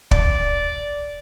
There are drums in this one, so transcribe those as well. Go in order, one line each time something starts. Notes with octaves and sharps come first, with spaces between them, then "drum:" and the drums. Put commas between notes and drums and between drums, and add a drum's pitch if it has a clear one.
D5, drum: kick